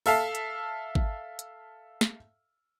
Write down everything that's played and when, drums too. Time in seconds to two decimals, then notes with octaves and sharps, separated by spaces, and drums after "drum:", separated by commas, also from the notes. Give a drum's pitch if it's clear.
0.06 A4 E5 F5 A5, drum: open hi-hat
0.35 drum: hi-hat
0.95 drum: kick
1.39 drum: hi-hat
2.01 drum: snare